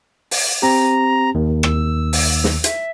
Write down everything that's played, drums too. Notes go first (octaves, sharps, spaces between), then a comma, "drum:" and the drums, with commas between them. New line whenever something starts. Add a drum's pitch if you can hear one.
drum: open hi-hat
C4 G4 A#5
D#2 D#3
E6, drum: rim click
drum: open hi-hat
drum: snare
E5, drum: hi-hat